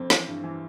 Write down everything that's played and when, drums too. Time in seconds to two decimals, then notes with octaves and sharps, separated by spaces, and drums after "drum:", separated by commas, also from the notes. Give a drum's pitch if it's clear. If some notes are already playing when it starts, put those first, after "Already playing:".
Already playing: F2 C4
0.10 E3, drum: snare
0.27 G2
0.44 E3